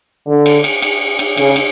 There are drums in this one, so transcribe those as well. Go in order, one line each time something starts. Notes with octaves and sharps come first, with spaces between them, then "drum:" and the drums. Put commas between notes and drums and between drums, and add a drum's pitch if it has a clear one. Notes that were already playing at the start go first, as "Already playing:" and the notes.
D3
drum: cymbal
drum: cymbal
drum: cymbal
drum: cymbal
C#3, drum: cymbal
drum: cymbal